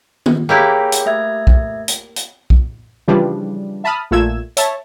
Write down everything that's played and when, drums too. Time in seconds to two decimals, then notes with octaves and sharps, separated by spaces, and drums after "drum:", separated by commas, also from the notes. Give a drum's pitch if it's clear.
0.26 drum: tom
0.49 A#3 E4 G4 G#4 C#5 G5
0.92 drum: hi-hat
1.06 A3 E5 G#6
1.47 drum: kick
1.88 drum: hi-hat
2.16 drum: hi-hat
2.50 drum: kick
3.08 C#3 E3 F3 G3 D4
3.84 E5 A5 B5 D#6 F6
4.11 A#1 A#2 A3 E6 G#6 E7
4.57 C#5 E5 A5, drum: hi-hat